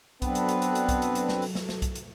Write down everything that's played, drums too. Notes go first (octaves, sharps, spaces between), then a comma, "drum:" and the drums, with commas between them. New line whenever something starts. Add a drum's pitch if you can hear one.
F#3 B3 C4 D4 A4 B4, drum: kick B1, hi-hat
drum: hi-hat
drum: hi-hat
drum: hi-hat
drum: hi-hat
drum: kick B1, hi-hat
drum: hi-hat
drum: hi-hat
drum: snare
drum: open hi-hat
drum: snare
drum: snare
drum: kick B1, hi-hat
drum: hi-hat